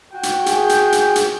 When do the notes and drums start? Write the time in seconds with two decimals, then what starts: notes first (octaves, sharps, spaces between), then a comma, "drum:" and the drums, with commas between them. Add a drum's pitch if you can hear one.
0.13 F#4 G5
0.23 drum: hi-hat
0.46 G#4, drum: hi-hat
0.69 drum: hi-hat
0.92 drum: hi-hat
1.15 drum: hi-hat